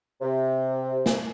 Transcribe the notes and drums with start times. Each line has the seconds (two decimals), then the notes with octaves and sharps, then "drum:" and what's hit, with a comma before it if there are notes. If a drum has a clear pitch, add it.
0.21 C3
1.06 drum: snare